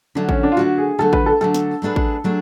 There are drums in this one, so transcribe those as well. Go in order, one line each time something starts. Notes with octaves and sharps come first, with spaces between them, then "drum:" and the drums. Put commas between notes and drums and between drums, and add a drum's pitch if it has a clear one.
D3 F#3 A3 D4
C#4, drum: kick A1
D4
F4
D3 F#3 A3 F#4
G#4
D3 F#3 A3 A4
B4, drum: kick A1
A4
D3 F#3 A3 A4
drum: snare
F#3 A3 D4 G#4 B4
drum: kick A1
F#3 A3 D4 G#4